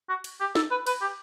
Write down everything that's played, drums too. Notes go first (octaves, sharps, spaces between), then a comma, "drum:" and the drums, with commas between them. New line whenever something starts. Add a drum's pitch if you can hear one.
F#4
drum: cymbal
G4
A4, drum: snare
B4
B4, drum: cymbal
G4